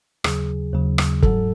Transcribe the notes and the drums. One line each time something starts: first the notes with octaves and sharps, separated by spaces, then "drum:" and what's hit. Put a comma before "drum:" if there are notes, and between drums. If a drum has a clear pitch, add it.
D#2 C#3 F#3 G#4, drum: rim click
D#2 C#3 F#3
drum: rim click
G#2 F#3 A4, drum: kick